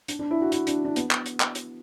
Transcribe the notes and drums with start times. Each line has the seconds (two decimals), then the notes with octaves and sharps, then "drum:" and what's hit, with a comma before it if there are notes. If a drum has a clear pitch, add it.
0.08 D4, drum: hi-hat
0.19 D4
0.31 E4
0.42 F#4
0.52 E4, drum: hi-hat
0.67 D4, drum: hi-hat
0.85 D4
0.96 B3, drum: hi-hat
1.11 drum: clap
1.26 drum: hi-hat
1.40 drum: clap
1.55 drum: hi-hat